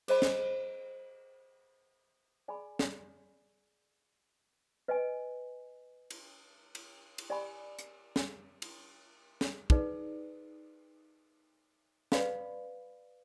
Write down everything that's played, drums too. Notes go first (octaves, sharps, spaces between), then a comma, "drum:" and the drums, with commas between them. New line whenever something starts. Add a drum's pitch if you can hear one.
G#4 C5 D#5 B5, drum: cymbal
drum: snare
G#4 D5 G#5 B5
drum: snare
B4 D#5 G#5
drum: cymbal
drum: cymbal
drum: cymbal
G4 D5 G#5 B5
drum: hi-hat
drum: snare
drum: cymbal
drum: snare
D#4 G#4 B4 D5, drum: kick
B4 D5 F5 B5, drum: snare